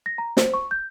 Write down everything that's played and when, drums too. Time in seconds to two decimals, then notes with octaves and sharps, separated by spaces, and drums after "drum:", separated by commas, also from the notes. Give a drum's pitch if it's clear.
0.06 A#6
0.18 A#5
0.37 C5, drum: snare
0.54 C#6
0.71 G6